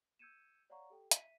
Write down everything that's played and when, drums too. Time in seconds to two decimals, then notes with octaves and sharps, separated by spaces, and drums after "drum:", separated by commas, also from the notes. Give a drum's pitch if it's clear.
0.19 E6 G6 G#6 C#7 D#7 E7
0.70 C#5 D5 F5 F#5 A#5 C#6
0.90 G4 A4 G5
1.11 E5 B6 D#7, drum: hi-hat